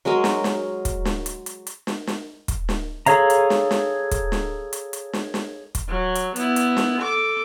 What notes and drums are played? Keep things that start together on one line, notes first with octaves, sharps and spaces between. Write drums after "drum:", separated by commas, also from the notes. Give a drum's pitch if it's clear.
F#3 G#3 A#4 D#5
drum: snare
drum: snare
drum: kick, hi-hat
drum: snare
drum: hi-hat
drum: hi-hat
drum: hi-hat
drum: snare
drum: snare
drum: kick, hi-hat
drum: snare
G#4 A4 C#5 F5 A#5, drum: hi-hat
drum: hi-hat
drum: snare
drum: snare
drum: kick, hi-hat
drum: snare
drum: hi-hat
drum: hi-hat
drum: snare
drum: snare
drum: kick, hi-hat
F#3
drum: hi-hat
B3 E4, drum: hi-hat
drum: hi-hat
drum: snare
A4 D6